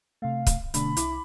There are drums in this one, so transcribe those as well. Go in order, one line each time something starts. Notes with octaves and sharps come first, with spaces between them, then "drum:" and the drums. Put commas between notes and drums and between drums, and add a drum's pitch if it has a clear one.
C3 A3 F5
drum: kick, hi-hat
B2 D3 A3 D4 B5, drum: hi-hat
C2 E4 D6, drum: hi-hat